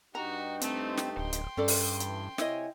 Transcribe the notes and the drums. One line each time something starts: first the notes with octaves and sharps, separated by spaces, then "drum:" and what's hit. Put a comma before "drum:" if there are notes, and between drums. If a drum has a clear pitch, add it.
G2 D#4 F#4 G4 A#5
A3 C4, drum: hi-hat
drum: snare
D1 G5 C6
drum: hi-hat
G2 C#4 A4 D5
drum: open hi-hat
E3, drum: hi-hat
C3 E4 C#5 D#5 G#5, drum: snare